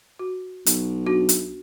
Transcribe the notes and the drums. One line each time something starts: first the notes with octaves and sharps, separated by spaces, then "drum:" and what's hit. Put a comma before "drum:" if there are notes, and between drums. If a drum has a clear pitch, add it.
F#4
B1, drum: hi-hat
D4 F#4
drum: hi-hat